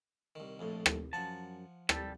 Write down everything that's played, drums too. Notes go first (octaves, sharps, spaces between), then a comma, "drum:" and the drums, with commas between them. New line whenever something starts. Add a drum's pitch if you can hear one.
C2 D#3
A#1 F2 A2
drum: rim click
F#2 F3 F#5 G#5 A5
G3 A4, drum: rim click